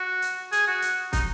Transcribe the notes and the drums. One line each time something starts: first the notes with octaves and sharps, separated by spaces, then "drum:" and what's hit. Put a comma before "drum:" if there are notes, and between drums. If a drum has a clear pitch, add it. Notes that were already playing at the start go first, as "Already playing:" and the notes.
Already playing: F#4
drum: hi-hat
G#4, drum: hi-hat
F#4
drum: hi-hat
D#4, drum: kick, hi-hat